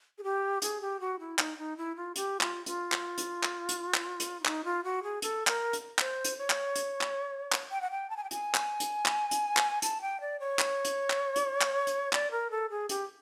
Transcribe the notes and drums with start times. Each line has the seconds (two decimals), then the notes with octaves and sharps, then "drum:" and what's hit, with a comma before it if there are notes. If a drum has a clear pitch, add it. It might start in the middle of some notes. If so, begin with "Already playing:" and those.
0.18 G#4
0.24 G4
0.62 G#4, drum: hi-hat
0.81 G4
1.00 F#4
1.19 E4
1.39 D#4, drum: clap
1.58 D#4
1.77 E4
1.96 F4
2.16 G4, drum: hi-hat
2.41 F4, drum: clap
2.66 F4, drum: hi-hat
2.92 drum: clap
3.18 drum: hi-hat
3.43 drum: clap
3.69 drum: hi-hat
3.94 drum: clap
4.20 drum: hi-hat
4.40 E4
4.45 D#4, drum: clap
4.64 F4
4.84 F#4
5.03 G#4
5.22 A4, drum: hi-hat
5.47 A#4, drum: clap
5.73 drum: hi-hat
5.99 C5, drum: clap
6.24 drum: hi-hat
6.37 C#5
6.50 drum: clap
6.76 drum: hi-hat
7.01 drum: clap
7.52 drum: clap
7.71 G5
7.81 F#5
7.91 G5
8.10 A5
8.17 G#5
8.24 G5
8.31 G#5, drum: hi-hat
8.55 drum: clap
8.80 drum: hi-hat
9.06 drum: clap
9.31 drum: hi-hat
9.57 drum: clap
9.82 A5, drum: hi-hat
10.01 G5
10.21 D5
10.40 C#5
10.59 drum: clap
10.85 drum: hi-hat
11.10 drum: clap
11.36 drum: hi-hat
11.61 drum: clap
11.87 drum: hi-hat
12.13 D5, drum: clap
12.31 A#4
12.51 A4
12.70 G#4
12.89 G4, drum: hi-hat